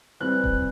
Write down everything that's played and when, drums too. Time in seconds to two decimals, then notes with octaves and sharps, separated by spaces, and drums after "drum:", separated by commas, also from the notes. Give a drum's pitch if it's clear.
0.20 E3 G3 C4 F#6
0.44 drum: kick D#1